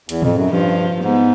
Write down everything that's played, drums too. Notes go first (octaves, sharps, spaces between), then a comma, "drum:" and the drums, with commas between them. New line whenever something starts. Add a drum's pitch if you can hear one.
E2, drum: hi-hat
F2, drum: tom
F#2
G2 F3
G#2 B3